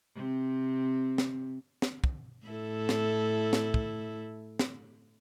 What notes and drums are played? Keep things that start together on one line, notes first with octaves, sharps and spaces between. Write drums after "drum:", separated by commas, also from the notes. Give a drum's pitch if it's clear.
C3 C4
drum: snare
drum: snare
drum: kick
A2 E4 A4
drum: snare
drum: snare
drum: kick
drum: snare